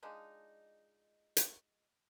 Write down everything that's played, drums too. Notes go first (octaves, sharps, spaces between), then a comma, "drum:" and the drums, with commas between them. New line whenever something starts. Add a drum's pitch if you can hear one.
F3 G#3 D4 D#4
drum: hi-hat